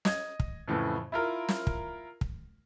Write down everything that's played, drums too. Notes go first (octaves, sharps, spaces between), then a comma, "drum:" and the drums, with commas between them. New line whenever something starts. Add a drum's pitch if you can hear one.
D#5 G#6, drum: snare
drum: kick
F2 A2 C#3 E3
E4 F4 A#4
drum: snare
drum: kick
drum: kick